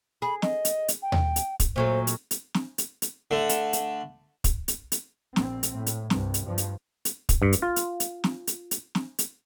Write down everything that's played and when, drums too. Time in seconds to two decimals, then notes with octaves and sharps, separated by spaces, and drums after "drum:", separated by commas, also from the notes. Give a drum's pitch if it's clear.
0.22 G#4 B5
0.42 D#5, drum: snare
0.65 drum: hi-hat
0.88 drum: hi-hat
1.02 G5
1.12 drum: tom D#2
1.36 drum: hi-hat
1.60 drum: kick, hi-hat
1.76 A#2 F#3 A3 C5
2.07 drum: hi-hat
2.31 drum: hi-hat
2.54 drum: snare
2.78 drum: hi-hat
3.02 drum: hi-hat
3.31 D3 A3
3.49 drum: hi-hat
3.73 drum: hi-hat
4.44 drum: kick, hi-hat
4.68 drum: hi-hat
4.92 drum: hi-hat
5.36 A#1 C4, drum: snare
5.63 drum: hi-hat
5.73 A2
5.86 drum: hi-hat
6.10 C2 G2, drum: snare
6.34 drum: hi-hat
6.44 G2 F3
6.58 drum: hi-hat
7.05 drum: hi-hat
7.29 drum: kick, hi-hat
7.42 G2
7.53 drum: hi-hat
7.62 F4
7.76 drum: hi-hat
8.00 drum: hi-hat
8.24 drum: snare
8.47 drum: hi-hat
8.71 drum: hi-hat
8.95 drum: snare
9.19 drum: hi-hat